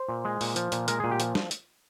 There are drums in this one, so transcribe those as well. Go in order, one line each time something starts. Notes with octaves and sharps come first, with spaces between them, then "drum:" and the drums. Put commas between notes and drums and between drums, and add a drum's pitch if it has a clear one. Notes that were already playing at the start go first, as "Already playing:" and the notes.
Already playing: C5
A#2
G#3
A#2, drum: open hi-hat
F3, drum: hi-hat
A#2, drum: hi-hat
G#3 A#4, drum: hi-hat
A#2 G#4
G4
F3, drum: hi-hat
drum: snare
drum: hi-hat